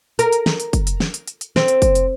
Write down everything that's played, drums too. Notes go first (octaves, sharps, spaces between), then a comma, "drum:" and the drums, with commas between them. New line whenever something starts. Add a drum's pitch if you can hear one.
A#4, drum: hi-hat
drum: hi-hat
drum: snare
drum: hi-hat
drum: kick, hi-hat
drum: hi-hat
drum: snare
drum: hi-hat
drum: hi-hat
drum: hi-hat
C4, drum: snare
drum: hi-hat
drum: kick, hi-hat
drum: hi-hat